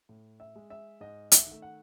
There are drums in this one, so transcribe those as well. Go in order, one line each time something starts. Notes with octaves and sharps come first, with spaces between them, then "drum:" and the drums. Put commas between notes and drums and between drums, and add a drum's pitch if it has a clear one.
A2
E5
G#3
E5
G#2 D#5
E5, drum: hi-hat
D#3 A3
F#5